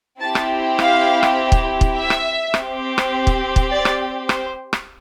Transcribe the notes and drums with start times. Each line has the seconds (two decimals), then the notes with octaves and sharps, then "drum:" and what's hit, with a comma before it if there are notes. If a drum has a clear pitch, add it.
0.20 C4 E4 G4 A5
0.35 drum: rim click
0.79 F5, drum: rim click
1.23 drum: rim click
1.52 drum: kick
1.81 drum: kick
1.96 E5
2.10 drum: rim click
2.54 C4 G4, drum: rim click
2.98 drum: rim click
3.27 drum: kick
3.56 drum: kick
3.70 D5
3.85 drum: rim click
4.29 C5, drum: rim click
4.73 drum: rim click